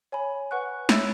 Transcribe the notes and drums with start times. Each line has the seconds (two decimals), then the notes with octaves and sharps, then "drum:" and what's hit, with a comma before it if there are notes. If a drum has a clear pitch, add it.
0.12 C#5 G#5 B5
0.51 B4 F#5 C#6 F#6
0.89 C#5 E5 B5 E6, drum: snare